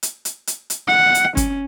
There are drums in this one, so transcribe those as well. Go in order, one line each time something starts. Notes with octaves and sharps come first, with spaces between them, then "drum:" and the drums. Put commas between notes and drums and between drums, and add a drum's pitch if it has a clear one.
drum: hi-hat
drum: hi-hat
drum: hi-hat
drum: hi-hat
F#5
drum: hi-hat
C#4, drum: kick, hi-hat